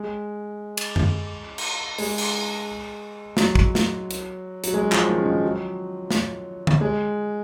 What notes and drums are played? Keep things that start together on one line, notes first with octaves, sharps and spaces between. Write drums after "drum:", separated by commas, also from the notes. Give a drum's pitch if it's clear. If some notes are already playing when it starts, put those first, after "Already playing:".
Already playing: G#3
drum: cymbal
drum: tom F#2
drum: cymbal
G#3, drum: open hi-hat
drum: cymbal
F#3, drum: snare
drum: kick
drum: snare
drum: hi-hat
F#3, drum: hi-hat
G#3
F3, drum: clap
D#3
C#3
D#3
F#3
drum: snare
drum: tom D3
G#3